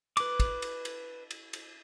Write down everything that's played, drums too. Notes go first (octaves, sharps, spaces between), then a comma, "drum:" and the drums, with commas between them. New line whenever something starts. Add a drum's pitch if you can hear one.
B4 D6, drum: cymbal
drum: kick, cymbal
drum: cymbal
drum: cymbal
drum: cymbal
drum: cymbal